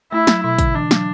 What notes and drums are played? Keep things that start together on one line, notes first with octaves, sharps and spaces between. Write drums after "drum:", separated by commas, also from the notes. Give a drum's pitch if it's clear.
A3 E4
F#3, drum: snare
B2 E4
D3, drum: kick, hi-hat
E3 D4
F#3, drum: snare